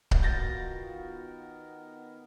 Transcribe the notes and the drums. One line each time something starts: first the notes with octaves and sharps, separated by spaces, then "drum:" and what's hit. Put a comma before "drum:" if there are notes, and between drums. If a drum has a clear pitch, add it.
drum: kick C#1
D#3 B3 F4 F#4 A#4 G6 A6 A#6